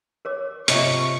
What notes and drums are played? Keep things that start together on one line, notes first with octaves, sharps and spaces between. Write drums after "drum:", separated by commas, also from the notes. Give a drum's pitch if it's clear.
A#4 C#5 D6
C3 F3 C#5 D#5 E5 C#6, drum: hi-hat